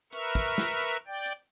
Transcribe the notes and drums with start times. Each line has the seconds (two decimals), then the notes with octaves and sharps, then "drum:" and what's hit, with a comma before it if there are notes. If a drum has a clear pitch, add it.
0.13 A#4 B4 E5 C#6 F6, drum: hi-hat
0.35 drum: kick, hi-hat
0.58 drum: snare
0.81 drum: hi-hat
1.07 D5 G5
1.26 drum: hi-hat